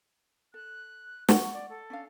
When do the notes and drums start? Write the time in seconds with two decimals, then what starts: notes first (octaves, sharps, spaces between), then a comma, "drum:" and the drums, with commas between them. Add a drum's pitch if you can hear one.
0.54 A4 F#6
1.29 F#5 C#6, drum: snare
1.54 D5
1.69 A4
1.90 C#4 D4 F5